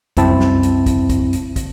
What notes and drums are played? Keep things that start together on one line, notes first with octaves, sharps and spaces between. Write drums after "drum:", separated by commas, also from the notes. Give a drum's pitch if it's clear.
C2 F#2 C4 E4 A5, drum: kick, hi-hat
drum: snare
drum: hi-hat
drum: kick, hi-hat
drum: kick, hi-hat
drum: hi-hat
drum: kick, hi-hat